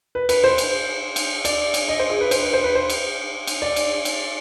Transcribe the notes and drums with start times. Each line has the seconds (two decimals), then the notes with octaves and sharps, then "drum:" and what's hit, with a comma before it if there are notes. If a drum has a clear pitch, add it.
0.15 B4
0.29 B4, drum: cymbal
0.44 C5
0.58 drum: cymbal
1.16 drum: cymbal
1.45 D5, drum: cymbal
1.74 drum: cymbal
1.88 D#5
1.99 C5
2.10 G#4
2.21 B4
2.31 C5, drum: cymbal
2.42 B4
2.54 C5
2.64 B4
2.75 C5
2.90 drum: cymbal
3.47 drum: cymbal
3.62 D5
3.76 drum: cymbal
4.05 drum: cymbal